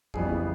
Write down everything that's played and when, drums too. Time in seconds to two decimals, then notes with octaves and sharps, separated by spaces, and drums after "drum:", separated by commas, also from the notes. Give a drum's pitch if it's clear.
0.14 F2 C#3 E3 G3 B3 G#4, drum: kick A1